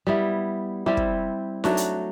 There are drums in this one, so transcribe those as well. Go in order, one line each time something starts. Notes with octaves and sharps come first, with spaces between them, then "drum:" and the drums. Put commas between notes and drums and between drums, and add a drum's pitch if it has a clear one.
G3 B3 E4
G3 C4 E4 G4
drum: kick
F#3 A3 D4 F#4, drum: snare D#4
drum: hi-hat